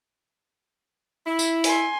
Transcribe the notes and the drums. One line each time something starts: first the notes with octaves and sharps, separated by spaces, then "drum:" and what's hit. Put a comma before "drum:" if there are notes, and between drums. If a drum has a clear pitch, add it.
E4
drum: tambourine
G#5 C6, drum: open hi-hat